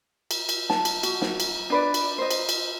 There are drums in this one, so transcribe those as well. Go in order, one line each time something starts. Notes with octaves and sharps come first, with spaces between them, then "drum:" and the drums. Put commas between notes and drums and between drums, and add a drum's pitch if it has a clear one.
drum: cymbal
drum: cymbal
A5, drum: snare
drum: cymbal
F#4, drum: cymbal
drum: snare
drum: cymbal
D4 B4 D5
drum: cymbal
C5 D#5
drum: cymbal
drum: cymbal